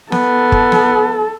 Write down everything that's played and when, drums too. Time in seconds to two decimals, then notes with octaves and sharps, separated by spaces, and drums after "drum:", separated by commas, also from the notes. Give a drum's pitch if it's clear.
0.12 B3 A4, drum: snare
0.52 drum: kick
0.72 drum: snare